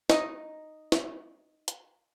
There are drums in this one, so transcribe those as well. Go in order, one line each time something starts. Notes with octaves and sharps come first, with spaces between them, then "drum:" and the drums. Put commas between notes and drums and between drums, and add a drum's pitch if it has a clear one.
D#4 D#5, drum: snare
drum: snare
drum: hi-hat